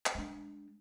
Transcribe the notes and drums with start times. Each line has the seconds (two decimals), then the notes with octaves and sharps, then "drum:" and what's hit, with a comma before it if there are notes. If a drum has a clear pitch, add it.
0.06 drum: clap
0.15 G#3 D4